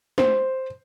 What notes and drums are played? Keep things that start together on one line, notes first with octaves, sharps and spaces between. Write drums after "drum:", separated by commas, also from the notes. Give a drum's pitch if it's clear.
C5, drum: snare